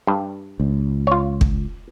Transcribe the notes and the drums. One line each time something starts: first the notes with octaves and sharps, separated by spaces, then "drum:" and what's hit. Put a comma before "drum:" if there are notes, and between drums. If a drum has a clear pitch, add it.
G2
C#2
F4 C#5
drum: kick